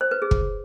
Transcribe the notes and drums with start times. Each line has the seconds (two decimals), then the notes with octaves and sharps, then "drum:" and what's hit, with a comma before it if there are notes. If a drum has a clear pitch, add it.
0.01 C5
0.11 B4
0.22 G#4
0.31 drum: kick